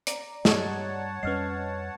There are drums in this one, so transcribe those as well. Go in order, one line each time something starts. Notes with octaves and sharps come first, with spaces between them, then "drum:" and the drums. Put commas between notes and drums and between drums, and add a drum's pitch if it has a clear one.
D5 A#5, drum: hi-hat
G2 G4 C#5 D#5 F#5 A5 D#6, drum: snare
F2 G3 C#4 B4 D#5 F6 C7